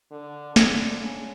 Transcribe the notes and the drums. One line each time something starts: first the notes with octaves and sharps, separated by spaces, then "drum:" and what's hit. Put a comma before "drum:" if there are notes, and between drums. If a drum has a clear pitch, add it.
D3
D3, drum: snare
C#3